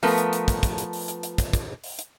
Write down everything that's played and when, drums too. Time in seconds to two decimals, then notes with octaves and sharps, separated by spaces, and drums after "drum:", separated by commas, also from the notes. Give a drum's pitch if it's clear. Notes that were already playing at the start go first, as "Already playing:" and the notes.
0.03 F3 A3 B3 A#4 B4, drum: open hi-hat
0.18 drum: hi-hat
0.33 drum: hi-hat
0.48 drum: kick, hi-hat
0.63 drum: kick, hi-hat
0.78 drum: hi-hat
0.93 drum: open hi-hat
1.08 drum: hi-hat
1.23 drum: hi-hat
1.38 drum: kick, hi-hat
1.53 drum: kick, hi-hat
1.84 drum: open hi-hat
1.99 drum: hi-hat